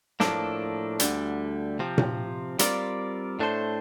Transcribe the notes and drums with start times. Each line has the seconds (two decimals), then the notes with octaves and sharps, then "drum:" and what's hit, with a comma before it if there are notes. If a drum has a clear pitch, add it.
0.20 A2 F3 A#3 D4 A4, drum: snare
1.00 D2 D3 G3, drum: hi-hat
1.79 C3 F3 C4
1.98 drum: tom A#2
2.59 G3 C4 F4 A#4 D5, drum: hi-hat
3.39 A2 A3 D4 A4 C5